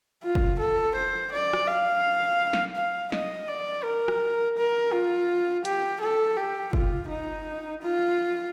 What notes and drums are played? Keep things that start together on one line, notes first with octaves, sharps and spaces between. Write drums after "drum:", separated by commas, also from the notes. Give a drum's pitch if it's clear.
F4
drum: kick
A4
C5
D5
drum: rim click
F5
drum: snare
F5
D#5, drum: snare
D5
A#4
drum: rim click
A#4
F4
G4, drum: hi-hat
A4
G4
F4, drum: kick
D#4
F4